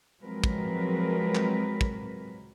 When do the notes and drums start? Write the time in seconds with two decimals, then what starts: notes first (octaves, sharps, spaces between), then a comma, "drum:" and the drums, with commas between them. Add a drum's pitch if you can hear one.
0.21 F3 F#3 G#3 C4 A#4 B4
0.44 drum: kick
1.35 drum: clap
1.81 drum: kick